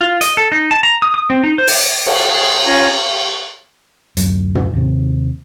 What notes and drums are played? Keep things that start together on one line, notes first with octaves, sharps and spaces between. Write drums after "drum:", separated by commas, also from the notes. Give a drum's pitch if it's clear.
F4
D#5, drum: hi-hat
A4
D#4
A5
A#5
D#6
D#6
C4
D#4
C5
drum: open hi-hat
drum: cymbal
G#4
C#4 F4 G#5 A#5
D1 F#2, drum: hi-hat
drum: tom
D#2 C3